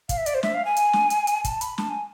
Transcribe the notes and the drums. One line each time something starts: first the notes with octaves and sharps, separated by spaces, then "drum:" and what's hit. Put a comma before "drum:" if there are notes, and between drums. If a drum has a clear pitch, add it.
F5, drum: kick, hi-hat
E5
D5, drum: hi-hat
C5
E5, drum: snare
F5
G#5
drum: hi-hat
drum: snare
drum: hi-hat
drum: hi-hat
A5, drum: kick, hi-hat
B5, drum: hi-hat
A5, drum: snare
G#5